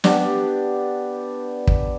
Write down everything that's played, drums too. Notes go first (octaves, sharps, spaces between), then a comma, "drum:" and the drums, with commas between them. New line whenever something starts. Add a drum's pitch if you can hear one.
B3 D4 G4, drum: snare
drum: kick